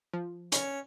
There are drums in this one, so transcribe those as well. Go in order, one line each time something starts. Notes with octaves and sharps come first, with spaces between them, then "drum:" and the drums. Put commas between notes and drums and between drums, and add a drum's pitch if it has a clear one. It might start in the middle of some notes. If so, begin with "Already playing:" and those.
F3
C#4 C#5, drum: hi-hat